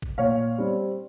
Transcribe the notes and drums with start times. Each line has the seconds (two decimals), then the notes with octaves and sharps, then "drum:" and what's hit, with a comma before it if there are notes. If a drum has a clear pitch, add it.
0.02 drum: kick
0.18 A#2 C#5 F5
0.58 G3 C4